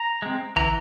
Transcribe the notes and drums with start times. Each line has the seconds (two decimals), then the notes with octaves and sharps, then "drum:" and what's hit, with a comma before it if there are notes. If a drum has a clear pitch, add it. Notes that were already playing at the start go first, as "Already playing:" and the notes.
Already playing: A#5
0.22 G#3 C4
0.56 E3 A#5, drum: tom